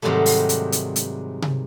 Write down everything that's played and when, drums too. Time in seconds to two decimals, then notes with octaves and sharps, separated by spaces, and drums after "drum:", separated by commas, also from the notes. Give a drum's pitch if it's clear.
0.02 G#2 C3 D#3 F#3 G3 A3
0.26 drum: open hi-hat
0.49 drum: hi-hat
0.72 drum: hi-hat
0.96 drum: hi-hat
1.42 drum: tom C3